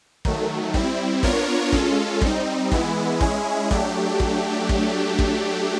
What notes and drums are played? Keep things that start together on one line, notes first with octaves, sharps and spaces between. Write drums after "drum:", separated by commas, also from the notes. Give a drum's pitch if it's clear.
D#3 F#3 A3, drum: kick
G3 C4 E4, drum: kick
B3 D4 F4 A#4 C#5, drum: kick
G#3 C#4 F4 A4, drum: kick
G3 C4 D#4, drum: kick
E3 G#3 B3 E4, drum: kick
G#3 C#4 E4 G#4, drum: kick
F#3 A3 D4 G4, drum: kick
drum: kick
drum: kick
drum: kick